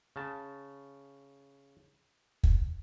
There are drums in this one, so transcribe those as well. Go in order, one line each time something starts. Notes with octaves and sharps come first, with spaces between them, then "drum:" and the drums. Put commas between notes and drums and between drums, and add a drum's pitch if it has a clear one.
C#3 A5
drum: kick